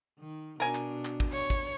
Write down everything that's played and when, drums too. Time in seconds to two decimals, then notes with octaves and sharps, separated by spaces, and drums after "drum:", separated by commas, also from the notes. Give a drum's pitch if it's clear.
0.19 D#3
0.60 B2 D4 A#4 G#5
0.75 drum: clap
1.05 drum: clap
1.20 drum: kick
1.32 C#5, drum: open hi-hat
1.50 drum: kick